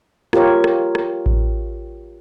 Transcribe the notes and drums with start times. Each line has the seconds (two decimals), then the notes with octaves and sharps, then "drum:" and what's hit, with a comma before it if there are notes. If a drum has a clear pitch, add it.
0.33 F4 G4 A#4 C#5, drum: rim click
0.64 drum: rim click
0.95 drum: rim click
1.26 drum: kick A1